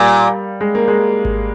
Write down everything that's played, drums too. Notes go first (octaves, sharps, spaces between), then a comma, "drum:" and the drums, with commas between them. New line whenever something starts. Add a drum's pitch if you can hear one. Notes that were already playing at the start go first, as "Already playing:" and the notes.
Already playing: A#2 G3
G#3
A#3
G#3
drum: kick G#1